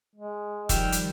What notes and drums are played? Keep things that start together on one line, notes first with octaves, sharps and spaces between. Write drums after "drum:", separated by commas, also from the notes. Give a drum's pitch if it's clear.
G#3
D#3 F3 G3 G5 E6 F6, drum: kick E1, hi-hat
drum: hi-hat